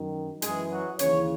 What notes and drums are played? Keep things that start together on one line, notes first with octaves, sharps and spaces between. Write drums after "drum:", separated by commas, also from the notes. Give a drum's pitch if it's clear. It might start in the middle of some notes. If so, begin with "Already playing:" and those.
Already playing: F#2 D#3
F#2 E3 G#3 G#4, drum: hi-hat
F#3 F#4
D#2 C#3 E3 C#4 C#5, drum: hi-hat